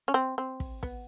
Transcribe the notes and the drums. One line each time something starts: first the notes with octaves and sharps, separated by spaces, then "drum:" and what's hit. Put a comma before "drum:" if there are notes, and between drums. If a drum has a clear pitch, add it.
C#4
C4
C4
drum: kick
B3, drum: kick